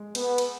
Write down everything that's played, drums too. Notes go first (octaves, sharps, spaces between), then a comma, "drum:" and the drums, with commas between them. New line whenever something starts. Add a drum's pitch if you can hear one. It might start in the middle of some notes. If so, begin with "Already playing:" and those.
Already playing: G#3
B3, drum: cymbal
drum: cymbal